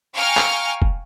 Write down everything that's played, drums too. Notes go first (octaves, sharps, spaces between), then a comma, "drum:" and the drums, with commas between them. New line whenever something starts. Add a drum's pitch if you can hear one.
F5 G5 G#5 A#5 C#6 F6
drum: clap
drum: kick